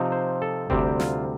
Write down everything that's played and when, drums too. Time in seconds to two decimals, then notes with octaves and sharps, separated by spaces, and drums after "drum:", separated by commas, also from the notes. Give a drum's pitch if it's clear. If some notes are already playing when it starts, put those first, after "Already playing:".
Already playing: C3 F3 C4 D#4
0.12 C5
0.42 A4
0.70 D2 C3 G3 C4 G4, drum: kick F#1
1.00 F4, drum: snare